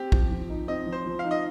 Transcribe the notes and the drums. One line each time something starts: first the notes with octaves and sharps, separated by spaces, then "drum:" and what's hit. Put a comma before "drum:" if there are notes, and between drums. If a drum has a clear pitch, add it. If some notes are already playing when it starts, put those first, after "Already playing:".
Already playing: C4 G4
F3, drum: kick
F3
D#4
C4 D#5
F3
C5
F3
D#4 F5
D#5